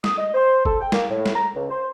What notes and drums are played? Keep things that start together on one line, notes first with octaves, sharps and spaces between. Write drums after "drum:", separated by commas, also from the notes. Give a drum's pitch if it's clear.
D#6, drum: snare
D#5
C5
A4, drum: kick
G5
A#3, drum: snare
A2
drum: snare
A#5
C#2
C5